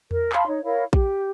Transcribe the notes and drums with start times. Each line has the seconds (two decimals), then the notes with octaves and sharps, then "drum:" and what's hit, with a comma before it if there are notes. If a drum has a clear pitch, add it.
0.11 A#4, drum: tom E2
0.32 F5 A5 B5 C6, drum: clap
0.48 D#4 C#5
0.64 E4 A#4 C#5 F5
0.93 G4, drum: kick A#1